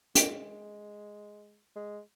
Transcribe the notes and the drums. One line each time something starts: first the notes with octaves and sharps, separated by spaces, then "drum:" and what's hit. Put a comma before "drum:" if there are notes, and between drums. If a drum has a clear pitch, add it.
G#3, drum: hi-hat
G#3